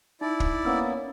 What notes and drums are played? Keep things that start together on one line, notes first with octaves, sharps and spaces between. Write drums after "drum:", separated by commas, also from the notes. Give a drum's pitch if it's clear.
D#4 E4 D5
drum: kick
A#3 B3 C#4 E6